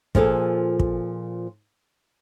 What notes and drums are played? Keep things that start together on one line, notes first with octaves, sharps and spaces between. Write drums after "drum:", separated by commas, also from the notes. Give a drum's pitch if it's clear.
A#2 F3 G#4 A4, drum: kick
drum: kick